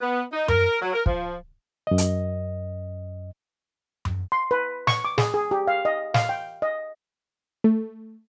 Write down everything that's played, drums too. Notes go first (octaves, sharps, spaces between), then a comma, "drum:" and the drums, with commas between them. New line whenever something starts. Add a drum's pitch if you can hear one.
B3
D#4
A#4, drum: tom F#2
F#3
A#4
F3, drum: kick
F#2 D#5
drum: hi-hat
drum: tom F#2
C6
B4
C#6, drum: snare
D6
G#4, drum: snare
G#4
G4
F5
D#5
F5, drum: snare
G5
D#5
A3